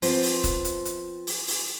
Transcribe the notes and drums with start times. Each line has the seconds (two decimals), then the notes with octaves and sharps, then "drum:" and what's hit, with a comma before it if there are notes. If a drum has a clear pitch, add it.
0.02 F3 B3 C4 C5, drum: open hi-hat
0.23 drum: open hi-hat
0.44 drum: kick E1, hi-hat
0.65 drum: hi-hat
0.85 drum: hi-hat
1.27 drum: open hi-hat
1.48 drum: open hi-hat